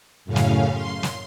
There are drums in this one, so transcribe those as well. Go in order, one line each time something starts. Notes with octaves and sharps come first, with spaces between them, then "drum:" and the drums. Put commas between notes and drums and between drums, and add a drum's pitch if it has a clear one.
F#2 A2 C#3 C#4 F5
drum: snare
C6
drum: snare